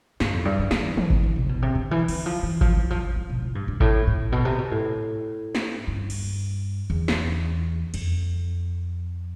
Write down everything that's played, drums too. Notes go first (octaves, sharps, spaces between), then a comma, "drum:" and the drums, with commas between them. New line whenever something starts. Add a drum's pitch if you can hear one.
G2, drum: snare
F2
G2
F3
F3, drum: snare
E3
D3, drum: tom
F3, drum: kick G#1
E3
C3
B2
C3
D3
E3
E3, drum: cymbal
F3
E3
F3, drum: kick G#1
E3
F3
E3
E3
B2
A2
G2
G2
A2, drum: kick G#1
A2
B2
C3
B2
A2
drum: snare
G2
drum: cymbal
E2
drum: snare
F2, drum: cymbal